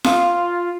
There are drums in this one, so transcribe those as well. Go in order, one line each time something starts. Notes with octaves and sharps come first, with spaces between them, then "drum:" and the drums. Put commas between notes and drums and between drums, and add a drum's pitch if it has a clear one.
F4, drum: snare F4